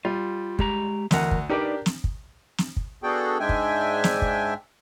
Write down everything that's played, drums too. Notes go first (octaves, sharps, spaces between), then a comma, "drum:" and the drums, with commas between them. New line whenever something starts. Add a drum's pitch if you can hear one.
G3 F4
G#3 G4 A#5, drum: kick
D2 E3 A#4 F#5, drum: snare
drum: kick
D4 D#4 G4 A#4 B4 D5
drum: snare
drum: kick
drum: snare
drum: kick
B3 D4 F#4 G#4 A4 G5
G#2 G#3 D4 E5 G5 G#5
drum: kick
drum: snare
drum: kick